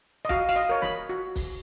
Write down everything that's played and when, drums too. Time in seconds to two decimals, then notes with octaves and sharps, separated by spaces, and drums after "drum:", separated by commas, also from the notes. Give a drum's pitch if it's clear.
0.25 D#5
0.29 F#4 F5, drum: kick, hi-hat
0.49 F5
0.56 D#5, drum: hi-hat
0.69 A#4 C#5
0.82 B5, drum: snare
1.09 F#4, drum: hi-hat
1.36 drum: kick, open hi-hat